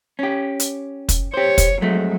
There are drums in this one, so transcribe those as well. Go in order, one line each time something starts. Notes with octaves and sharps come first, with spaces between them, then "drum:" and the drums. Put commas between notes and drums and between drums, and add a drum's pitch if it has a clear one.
C#4 G4
drum: hi-hat
drum: kick, hi-hat
G4 C5 C#5
drum: kick, hi-hat
F2 F#3 G#3 A3